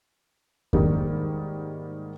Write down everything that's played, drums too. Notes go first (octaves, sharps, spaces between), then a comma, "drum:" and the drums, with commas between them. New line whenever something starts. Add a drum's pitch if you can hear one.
G#2 D#3 G3 A#3, drum: kick E2